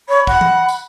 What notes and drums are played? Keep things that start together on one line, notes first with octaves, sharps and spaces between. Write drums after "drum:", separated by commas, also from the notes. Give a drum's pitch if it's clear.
C#5 B5
F#5, drum: kick
drum: tom E3
drum: tambourine